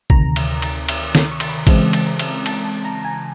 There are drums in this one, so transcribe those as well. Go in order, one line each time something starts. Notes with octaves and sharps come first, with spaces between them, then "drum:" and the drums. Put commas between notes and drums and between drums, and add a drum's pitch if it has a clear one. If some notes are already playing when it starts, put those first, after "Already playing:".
D2 C3 D#3 A#5, drum: kick A1
drum: cymbal
drum: cymbal
drum: cymbal
drum: snare
C#6
C6, drum: cymbal
B5
A#5
C#3 E3 G#3 C4 A5, drum: kick A1, cymbal
drum: cymbal
A#5
drum: cymbal
A5, drum: cymbal
A5
A#5
G#5